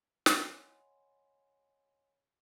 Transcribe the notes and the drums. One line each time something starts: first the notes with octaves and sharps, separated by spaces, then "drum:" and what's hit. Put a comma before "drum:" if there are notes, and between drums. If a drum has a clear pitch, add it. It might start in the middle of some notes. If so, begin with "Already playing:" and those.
C#5 D#5 F#5 G#5 B5 C6, drum: snare